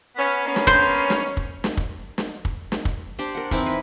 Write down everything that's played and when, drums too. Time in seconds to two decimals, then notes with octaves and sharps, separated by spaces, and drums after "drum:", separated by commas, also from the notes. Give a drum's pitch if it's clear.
0.16 B3 C#4
0.45 A#3 B3 C#4
0.56 drum: snare
0.67 C5, drum: kick
1.10 drum: snare
1.37 drum: kick
1.64 drum: snare
1.77 drum: kick
2.18 drum: snare
2.45 drum: kick
2.72 drum: snare
2.85 drum: kick
3.19 D4 G4 C5
3.35 A#4 F#5
3.51 E3 C4 D#4 E4, drum: kick
3.66 B4